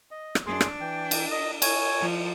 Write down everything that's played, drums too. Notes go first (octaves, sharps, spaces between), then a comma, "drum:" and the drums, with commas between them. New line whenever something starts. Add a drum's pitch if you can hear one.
D#5
drum: rim click
F#2 D4 G#4 C6
drum: rim click
E3 G5
drum: cymbal
D#5
C#5 G#5, drum: cymbal
F3